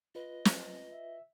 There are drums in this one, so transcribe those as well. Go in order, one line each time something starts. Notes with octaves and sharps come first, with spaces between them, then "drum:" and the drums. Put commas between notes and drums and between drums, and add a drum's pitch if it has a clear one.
F4 B4 D#5
drum: snare
E5